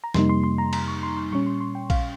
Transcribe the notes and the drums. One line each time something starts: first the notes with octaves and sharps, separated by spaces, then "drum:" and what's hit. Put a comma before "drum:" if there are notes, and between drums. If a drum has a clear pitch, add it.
A#5
F2 C3 G3 A#3 D#4 C6, drum: snare
C6
C6
A#5
A#5, drum: cymbal
C#6
C6
C6
A#2 G3 C#4 C#6
C6
C6
G5
F5, drum: kick A#1, cymbal